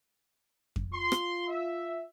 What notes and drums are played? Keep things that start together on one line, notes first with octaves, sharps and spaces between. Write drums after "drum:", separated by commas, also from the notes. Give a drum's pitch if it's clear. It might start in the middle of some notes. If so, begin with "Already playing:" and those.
drum: kick F2
F4 C6
drum: rim click
E5